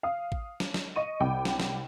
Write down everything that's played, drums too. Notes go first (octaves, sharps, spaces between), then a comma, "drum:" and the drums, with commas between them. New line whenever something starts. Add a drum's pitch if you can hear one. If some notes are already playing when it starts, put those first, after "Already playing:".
F5 D#6
drum: kick A1
drum: snare
drum: snare
D#5 C#6 D#7
C2 G5 D6
drum: snare
drum: snare